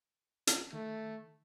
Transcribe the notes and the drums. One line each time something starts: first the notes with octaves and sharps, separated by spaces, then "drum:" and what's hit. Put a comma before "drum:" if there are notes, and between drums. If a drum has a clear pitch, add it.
drum: hi-hat
D#3 A3